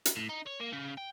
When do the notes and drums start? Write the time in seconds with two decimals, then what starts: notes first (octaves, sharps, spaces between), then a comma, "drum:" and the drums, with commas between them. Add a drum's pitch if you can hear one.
0.05 drum: hi-hat
0.16 A2
0.29 D#4
0.47 C#5
0.61 A#3
0.73 C#3
0.97 G5